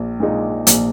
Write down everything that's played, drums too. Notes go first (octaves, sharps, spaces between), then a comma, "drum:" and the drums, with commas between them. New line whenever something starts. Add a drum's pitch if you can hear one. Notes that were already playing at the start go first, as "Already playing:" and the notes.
Already playing: A#1
A#2 G#3 D#4
A#1, drum: hi-hat